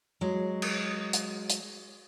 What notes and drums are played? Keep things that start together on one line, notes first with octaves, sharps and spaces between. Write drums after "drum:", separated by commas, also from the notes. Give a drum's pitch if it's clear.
F#3 G#3
drum: cymbal
drum: hi-hat
drum: hi-hat